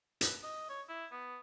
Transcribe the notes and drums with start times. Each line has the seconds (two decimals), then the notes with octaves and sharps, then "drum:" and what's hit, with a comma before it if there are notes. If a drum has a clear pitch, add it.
0.21 B4, drum: hi-hat
0.43 D#5
0.69 C#5
0.89 E4
1.11 B3